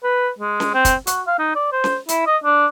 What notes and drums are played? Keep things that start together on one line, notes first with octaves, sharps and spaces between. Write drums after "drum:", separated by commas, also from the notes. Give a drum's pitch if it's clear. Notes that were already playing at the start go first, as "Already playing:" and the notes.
B4
G#3
drum: snare C#4
C4
drum: kick, hi-hat
F#4, drum: hi-hat
F5
D#4
D5
C5
drum: snare C#4
E4, drum: hi-hat
D#5
D4